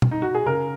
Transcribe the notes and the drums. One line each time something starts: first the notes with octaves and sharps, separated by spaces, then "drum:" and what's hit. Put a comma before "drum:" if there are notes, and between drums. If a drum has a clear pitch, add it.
drum: tom
D#4
F#4
G#4
C#3 A#4